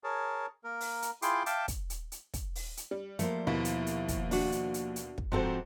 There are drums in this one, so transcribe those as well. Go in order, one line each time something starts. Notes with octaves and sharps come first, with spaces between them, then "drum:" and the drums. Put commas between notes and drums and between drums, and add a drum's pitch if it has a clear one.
G#4 A#4 C#5 A5
A#3 A#4
drum: open hi-hat
drum: hi-hat
E4 F4 G#4 G5 C6 D6, drum: hi-hat
E5 F5 G5 A5 D6, drum: hi-hat
drum: kick, hi-hat
drum: hi-hat
drum: hi-hat
drum: kick, hi-hat
drum: open hi-hat
drum: hi-hat
G3
F3 A3 A#3 C5, drum: hi-hat
D#2 B2 E4
drum: hi-hat
drum: hi-hat
drum: kick, hi-hat
D4 F#4, drum: open hi-hat
drum: hi-hat
drum: hi-hat
drum: hi-hat
drum: kick
G#2 F3 C4 F#4 A4 C5